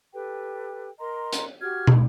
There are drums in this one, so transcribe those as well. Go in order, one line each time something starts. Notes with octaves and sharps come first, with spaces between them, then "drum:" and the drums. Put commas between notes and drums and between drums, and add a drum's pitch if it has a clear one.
G4 A4 B4 G5
A#4 D#5 A#5 C6
drum: hi-hat
F#4 G4 F6 G#6
drum: tom